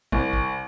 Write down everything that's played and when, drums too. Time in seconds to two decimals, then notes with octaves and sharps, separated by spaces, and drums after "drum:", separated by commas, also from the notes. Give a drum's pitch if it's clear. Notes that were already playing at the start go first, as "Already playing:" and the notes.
0.12 C2, drum: kick
0.33 drum: kick